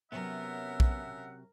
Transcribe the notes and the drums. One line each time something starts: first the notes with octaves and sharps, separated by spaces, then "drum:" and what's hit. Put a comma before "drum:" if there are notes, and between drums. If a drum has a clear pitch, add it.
C3 F#3 B3 C#4 A#4 E5 F#5
drum: kick